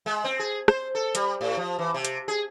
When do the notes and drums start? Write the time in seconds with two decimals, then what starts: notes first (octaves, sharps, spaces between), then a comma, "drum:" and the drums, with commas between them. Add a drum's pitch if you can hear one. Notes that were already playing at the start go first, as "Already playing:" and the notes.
0.06 G#3
0.24 C4
0.40 G#4
0.68 C5, drum: rim click
0.95 A4
1.15 G3, drum: hi-hat
1.41 A2
1.57 F3
1.79 E3
1.94 C3
2.05 drum: hi-hat
2.28 G#4